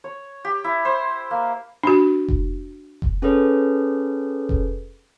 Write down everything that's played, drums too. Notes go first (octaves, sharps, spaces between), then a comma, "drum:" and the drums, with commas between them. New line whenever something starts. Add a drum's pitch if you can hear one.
C#5
G4
E4
C5
A#3
D4 F#4
drum: kick F1
drum: kick F1
C#4 G#4 A4 B4 C#5
drum: kick F1